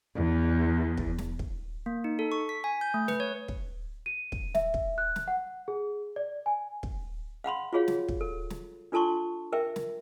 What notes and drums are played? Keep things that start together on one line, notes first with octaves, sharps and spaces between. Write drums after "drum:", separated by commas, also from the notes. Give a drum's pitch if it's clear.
E2
drum: kick
drum: snare
drum: kick
A#3
D#4
A4
C#6
B6
G#5
G6
A3
B4, drum: snare
C#5
drum: kick
D#7
drum: kick
E5, drum: snare
drum: kick
F#6
drum: snare
F#5
G#4
D5
G#5
drum: kick
F5 F#5 B5 C6
F4 F#4 G#4 C#5 F5
drum: snare
drum: kick
A4
drum: snare
D4 F4 A4 A5 C6 C#6
A#4 E5 G5
drum: snare